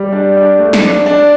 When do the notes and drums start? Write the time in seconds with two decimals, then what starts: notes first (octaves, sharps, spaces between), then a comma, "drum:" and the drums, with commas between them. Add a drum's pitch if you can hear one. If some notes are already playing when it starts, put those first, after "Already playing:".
Already playing: G3
0.12 D4
0.37 D4
0.59 A3
0.73 drum: snare
0.83 D4
1.06 D4